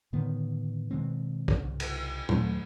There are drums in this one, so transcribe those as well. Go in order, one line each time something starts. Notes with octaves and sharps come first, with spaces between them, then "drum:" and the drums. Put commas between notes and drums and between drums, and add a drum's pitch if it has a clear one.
A2 D3 D#3 B3
B2 D#3 G#3 C4
C2 C#3, drum: kick
drum: cymbal
D#2 F#3 A3, drum: tom A#2